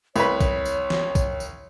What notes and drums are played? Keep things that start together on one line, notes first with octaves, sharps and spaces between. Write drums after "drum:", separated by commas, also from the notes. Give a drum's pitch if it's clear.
C2 B4 C#5, drum: tambourine
drum: kick, tambourine
drum: tambourine
drum: snare
drum: kick, tambourine
drum: tambourine